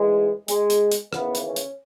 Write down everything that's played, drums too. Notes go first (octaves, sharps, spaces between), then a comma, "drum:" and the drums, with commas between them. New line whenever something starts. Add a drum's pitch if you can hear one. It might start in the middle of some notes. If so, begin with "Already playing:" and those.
Already playing: A1 G#2 E3 G#3
G#3, drum: hi-hat
drum: hi-hat
drum: hi-hat
D#2 C#3 E3 B3, drum: rim click
drum: hi-hat
C#4
drum: hi-hat